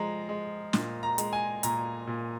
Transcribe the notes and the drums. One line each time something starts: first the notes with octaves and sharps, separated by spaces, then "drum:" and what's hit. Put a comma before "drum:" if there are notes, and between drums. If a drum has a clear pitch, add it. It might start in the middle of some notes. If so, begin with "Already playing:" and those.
Already playing: F3 G#3 A#5
G#3
A#2, drum: snare
A#5
G#3, drum: hi-hat
G#5
A#2 A#5, drum: hi-hat
A#2